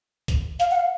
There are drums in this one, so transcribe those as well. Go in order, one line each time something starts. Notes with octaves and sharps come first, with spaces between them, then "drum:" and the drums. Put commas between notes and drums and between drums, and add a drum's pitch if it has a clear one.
drum: kick, hi-hat
F5, drum: hi-hat
F#5
F5